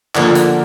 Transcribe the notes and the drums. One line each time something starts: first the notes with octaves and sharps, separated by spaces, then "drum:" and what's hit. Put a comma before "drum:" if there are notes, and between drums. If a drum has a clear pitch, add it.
D3 F3 A#3, drum: clap
drum: hi-hat